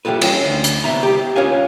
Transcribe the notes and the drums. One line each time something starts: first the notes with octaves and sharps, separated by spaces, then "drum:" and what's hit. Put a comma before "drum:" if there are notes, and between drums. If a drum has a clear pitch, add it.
E3 G3 F4 A4 B4
C#4, drum: cymbal
D2
drum: hi-hat
C2 C#3 B3 E5 A#5
G4
C#4 F4 C#5 F5 G#5